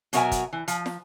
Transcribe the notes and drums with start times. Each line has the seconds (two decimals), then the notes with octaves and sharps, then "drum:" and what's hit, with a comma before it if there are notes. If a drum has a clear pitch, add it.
0.13 B2 F#3 F#4 A#4 E5 G#5, drum: hi-hat
0.32 drum: kick, hi-hat
0.53 E3
0.68 F3, drum: hi-hat
0.86 drum: snare